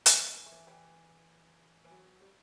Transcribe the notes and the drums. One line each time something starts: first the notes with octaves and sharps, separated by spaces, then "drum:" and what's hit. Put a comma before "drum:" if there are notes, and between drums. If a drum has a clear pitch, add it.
E3 C#4, drum: hi-hat
B3
E3
A3
E3
E3 G3
E3
F#3
G3